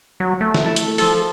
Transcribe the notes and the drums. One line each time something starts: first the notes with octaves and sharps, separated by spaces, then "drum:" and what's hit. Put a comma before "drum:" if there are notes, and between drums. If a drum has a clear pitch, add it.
F#3
A3
drum: snare
E4 A4 E5
drum: hi-hat
F3 F4 A4, drum: open hi-hat